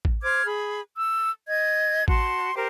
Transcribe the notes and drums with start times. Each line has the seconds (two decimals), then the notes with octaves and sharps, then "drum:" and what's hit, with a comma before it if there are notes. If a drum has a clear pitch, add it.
0.05 drum: kick A1
0.23 C5 D6 F6 G#6
0.45 G#4 B5
0.95 E6
1.47 D#5 G#6
2.08 F#4 A5 C6, drum: kick A1
2.55 G4 A#4 C5